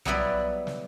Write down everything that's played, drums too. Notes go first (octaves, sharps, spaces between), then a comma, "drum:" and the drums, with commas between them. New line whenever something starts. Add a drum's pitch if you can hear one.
F#3 G3 B3 E4 B4 D5, drum: tom B1
drum: snare